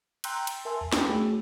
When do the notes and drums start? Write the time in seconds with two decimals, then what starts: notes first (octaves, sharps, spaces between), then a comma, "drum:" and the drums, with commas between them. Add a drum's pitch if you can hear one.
0.24 G5 A#5 C6 E6 F#6 G6, drum: cymbal
0.47 drum: cymbal
0.65 A#4 E5 G#5 A5 C6 E6
0.81 E2
0.93 G5 B5, drum: snare
1.09 A3 F#4 G#4 C#5